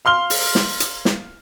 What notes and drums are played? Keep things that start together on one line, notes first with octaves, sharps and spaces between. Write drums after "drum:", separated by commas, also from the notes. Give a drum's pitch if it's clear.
F5 C6 F6 G7
drum: open hi-hat
drum: snare
drum: hi-hat
drum: snare